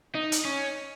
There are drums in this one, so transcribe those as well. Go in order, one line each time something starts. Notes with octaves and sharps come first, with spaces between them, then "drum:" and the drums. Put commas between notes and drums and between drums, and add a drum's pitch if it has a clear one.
D#4
drum: hi-hat
C#4